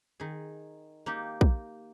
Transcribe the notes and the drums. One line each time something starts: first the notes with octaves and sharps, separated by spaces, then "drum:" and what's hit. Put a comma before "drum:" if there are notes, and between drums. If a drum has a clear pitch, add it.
D#3 G#4
A#3 D#4 G4
drum: kick